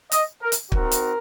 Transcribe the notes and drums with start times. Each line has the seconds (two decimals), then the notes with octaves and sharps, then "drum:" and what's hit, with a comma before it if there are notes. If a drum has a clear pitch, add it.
0.12 D#5, drum: hi-hat
0.43 A#4
0.52 drum: hi-hat
0.72 C4 D#4 F#4 A#4, drum: kick
0.92 drum: hi-hat